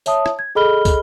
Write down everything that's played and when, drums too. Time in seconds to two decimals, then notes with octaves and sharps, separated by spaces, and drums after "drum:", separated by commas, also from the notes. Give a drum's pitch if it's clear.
0.06 C#5 E5 A5 D#6, drum: tambourine
0.26 drum: rim click
0.39 G#6
0.55 G#4 A4 D#5 B5 F6 G7
0.85 drum: kick, tambourine